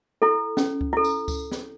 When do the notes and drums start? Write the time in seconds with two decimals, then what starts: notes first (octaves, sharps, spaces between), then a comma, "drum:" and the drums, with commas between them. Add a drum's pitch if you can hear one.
0.22 E4 A4
0.57 C#4, drum: snare
0.81 drum: kick C#2
0.93 E4 A4
1.04 drum: tambourine
1.28 drum: kick C#2, tambourine
1.52 drum: snare